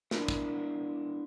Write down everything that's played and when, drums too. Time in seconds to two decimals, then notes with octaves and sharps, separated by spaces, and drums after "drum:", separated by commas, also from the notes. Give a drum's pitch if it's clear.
0.11 G#3 B3 D4 E4 A#4, drum: snare
0.28 drum: kick